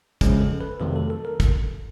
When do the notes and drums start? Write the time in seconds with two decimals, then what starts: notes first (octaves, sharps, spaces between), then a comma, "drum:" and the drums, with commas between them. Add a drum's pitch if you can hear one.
0.21 E2 C#3 F3 G#3 C#4, drum: kick, hi-hat
0.41 A4
0.61 B4
0.80 F2 C3 D#3 F#3 A3 A4
0.96 A4
1.10 A4
1.25 A#4
1.40 drum: kick, hi-hat